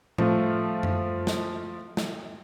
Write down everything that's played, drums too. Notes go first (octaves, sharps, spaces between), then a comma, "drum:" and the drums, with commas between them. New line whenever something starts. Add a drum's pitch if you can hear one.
F3 A3 F4, drum: tom A2
drum: tom F#2
drum: snare
drum: snare